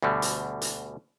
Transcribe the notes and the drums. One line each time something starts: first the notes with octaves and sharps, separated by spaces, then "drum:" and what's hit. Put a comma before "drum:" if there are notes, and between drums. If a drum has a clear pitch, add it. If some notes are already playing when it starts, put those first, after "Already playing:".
D2 B2 D3 G3
drum: hi-hat
drum: hi-hat